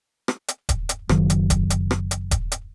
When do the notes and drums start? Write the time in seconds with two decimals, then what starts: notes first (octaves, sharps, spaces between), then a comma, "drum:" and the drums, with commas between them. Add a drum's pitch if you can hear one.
0.28 drum: rim click
0.48 drum: hi-hat
0.69 drum: kick D#1, hi-hat
0.89 drum: hi-hat
1.09 F#1 D#3 F#3, drum: rim click
1.30 drum: hi-hat
1.50 drum: kick D#1, hi-hat
1.70 drum: hi-hat
1.91 drum: rim click
2.11 drum: hi-hat
2.31 drum: kick D#1, hi-hat
2.52 drum: hi-hat